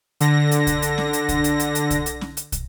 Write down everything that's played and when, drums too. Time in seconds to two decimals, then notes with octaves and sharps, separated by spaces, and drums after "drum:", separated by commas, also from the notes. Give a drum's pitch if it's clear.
0.20 D3 A#6, drum: hi-hat
0.51 drum: hi-hat
0.67 drum: kick, hi-hat
0.82 drum: hi-hat
0.98 drum: snare C#4
1.13 drum: hi-hat
1.29 drum: kick, hi-hat
1.44 drum: hi-hat
1.60 drum: hi-hat
1.75 drum: hi-hat
1.90 drum: kick, hi-hat
2.06 drum: hi-hat
2.21 drum: snare C#4
2.37 drum: hi-hat
2.52 drum: kick, hi-hat